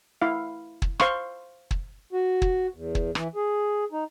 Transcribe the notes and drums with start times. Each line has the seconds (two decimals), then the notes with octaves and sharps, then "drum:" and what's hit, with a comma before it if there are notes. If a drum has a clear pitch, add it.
0.22 E4 F5
0.82 drum: kick
1.00 C5 F5 C6 C#6, drum: rim click
1.71 drum: kick
2.13 F#4
2.42 drum: kick
2.74 E2
2.95 drum: kick
3.15 E3, drum: rim click
3.35 G#4
3.92 D#4